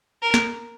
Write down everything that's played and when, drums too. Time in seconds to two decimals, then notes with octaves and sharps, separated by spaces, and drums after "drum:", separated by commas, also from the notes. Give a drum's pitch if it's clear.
0.22 A#4
0.34 drum: snare